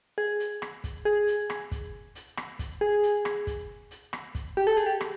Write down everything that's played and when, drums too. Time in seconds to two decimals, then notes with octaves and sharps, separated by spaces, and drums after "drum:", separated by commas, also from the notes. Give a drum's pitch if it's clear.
0.18 G#4
0.40 drum: hi-hat
0.62 drum: rim click
0.84 drum: kick, hi-hat
1.05 G#4
1.28 drum: hi-hat
1.50 drum: rim click
1.72 drum: kick, hi-hat
2.15 drum: hi-hat
2.37 drum: rim click
2.59 drum: kick, hi-hat
2.81 G#4
3.03 drum: hi-hat
3.25 drum: rim click
3.47 drum: kick, hi-hat
3.91 drum: hi-hat
4.13 drum: rim click
4.35 drum: kick, hi-hat
4.57 G4
4.67 A4
4.77 G#4, drum: hi-hat
4.86 G4
5.01 drum: rim click